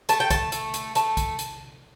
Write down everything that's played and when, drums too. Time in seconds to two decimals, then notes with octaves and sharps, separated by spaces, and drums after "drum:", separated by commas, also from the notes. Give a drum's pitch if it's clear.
0.09 A3 A5, drum: hi-hat
0.20 G5
0.30 A5, drum: kick, hi-hat
0.52 A3, drum: hi-hat
0.74 drum: hi-hat
0.95 A3 A5, drum: hi-hat
1.17 drum: kick, hi-hat
1.39 drum: hi-hat